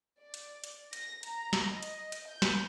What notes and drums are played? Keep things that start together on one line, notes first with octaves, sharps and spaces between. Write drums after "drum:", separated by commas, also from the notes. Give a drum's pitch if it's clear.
D5
drum: hi-hat
drum: hi-hat
A#6, drum: hi-hat
A#5, drum: hi-hat
drum: snare
D#5
drum: hi-hat
drum: hi-hat
G6
drum: snare